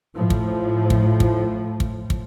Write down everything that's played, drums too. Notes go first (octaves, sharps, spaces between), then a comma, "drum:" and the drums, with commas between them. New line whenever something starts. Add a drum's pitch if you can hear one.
A2 F3
drum: kick
drum: kick
drum: kick
drum: kick
drum: kick